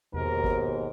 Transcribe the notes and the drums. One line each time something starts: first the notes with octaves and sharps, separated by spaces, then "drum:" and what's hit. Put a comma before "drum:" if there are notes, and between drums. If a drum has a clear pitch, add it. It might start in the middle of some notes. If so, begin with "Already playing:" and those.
D#2 G#2 B2 A#4, drum: tom E2
drum: kick G#1